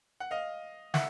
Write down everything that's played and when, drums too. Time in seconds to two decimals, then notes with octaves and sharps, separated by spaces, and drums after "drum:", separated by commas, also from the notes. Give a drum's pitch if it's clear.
0.20 F#5
0.31 D#5 F5
0.94 E5 F#5, drum: snare